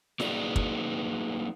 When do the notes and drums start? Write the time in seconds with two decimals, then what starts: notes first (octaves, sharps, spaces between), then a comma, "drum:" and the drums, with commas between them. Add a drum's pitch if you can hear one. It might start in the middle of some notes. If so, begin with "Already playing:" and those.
0.20 F#3 A#3 B3 D#4 G#4 D5, drum: snare
0.56 drum: kick